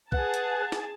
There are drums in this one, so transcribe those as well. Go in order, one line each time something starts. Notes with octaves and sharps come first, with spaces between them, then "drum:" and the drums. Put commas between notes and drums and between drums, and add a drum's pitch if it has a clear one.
G#4 B4 F#5 A5, drum: kick
drum: hi-hat
drum: snare